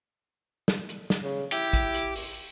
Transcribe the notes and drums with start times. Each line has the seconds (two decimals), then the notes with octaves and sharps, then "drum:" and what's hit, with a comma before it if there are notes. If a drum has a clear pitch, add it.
0.68 drum: snare
0.89 drum: hi-hat
1.10 drum: snare
1.23 C#3
1.52 E4 G4, drum: hi-hat
1.73 drum: kick, hi-hat
1.94 drum: hi-hat
2.16 drum: open hi-hat